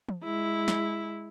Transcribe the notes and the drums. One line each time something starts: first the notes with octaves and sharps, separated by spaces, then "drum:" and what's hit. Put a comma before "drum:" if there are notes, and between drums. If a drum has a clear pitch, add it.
drum: tom
G#3 E4
drum: snare